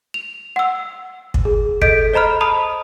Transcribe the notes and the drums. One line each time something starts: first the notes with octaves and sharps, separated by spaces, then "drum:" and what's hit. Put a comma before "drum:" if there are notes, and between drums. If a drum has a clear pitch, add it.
F7
F#5 E6
drum: kick
G#4
A4 D#5 G6 B6 D7, drum: kick
C5 D#5 A#5 B5 F6
A5 B5 D#6